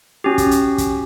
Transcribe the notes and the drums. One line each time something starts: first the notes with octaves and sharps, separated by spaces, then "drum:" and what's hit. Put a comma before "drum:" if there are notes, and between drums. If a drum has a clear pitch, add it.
C#4 F#4 G4
drum: kick, hi-hat
drum: hi-hat
drum: kick, hi-hat